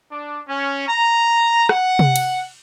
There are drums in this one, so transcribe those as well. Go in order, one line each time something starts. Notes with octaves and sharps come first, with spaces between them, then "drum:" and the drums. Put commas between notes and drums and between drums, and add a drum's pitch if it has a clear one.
D4
C#4
A#5
F#5, drum: rim click
drum: tom C3
drum: cymbal